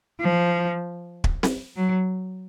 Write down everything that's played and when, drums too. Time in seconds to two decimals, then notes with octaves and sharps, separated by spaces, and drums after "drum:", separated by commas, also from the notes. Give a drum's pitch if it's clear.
0.20 F3
1.24 drum: kick
1.43 drum: snare C4
1.76 F#3